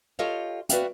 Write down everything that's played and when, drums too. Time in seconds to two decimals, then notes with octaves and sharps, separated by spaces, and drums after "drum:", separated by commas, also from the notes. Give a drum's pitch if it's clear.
0.19 F4 G4 A4 C#5 D#5 F5
0.69 F#4 B4 D5 E5 F5 G5, drum: hi-hat